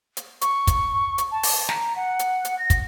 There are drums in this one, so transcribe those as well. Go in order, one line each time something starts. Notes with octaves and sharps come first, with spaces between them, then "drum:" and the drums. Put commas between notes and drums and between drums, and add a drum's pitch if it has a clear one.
drum: hi-hat
C#6, drum: hi-hat
drum: kick, hi-hat
drum: hi-hat
A5
drum: open hi-hat
A#5, drum: snare
F#5
drum: hi-hat
drum: hi-hat
A#6
drum: kick, hi-hat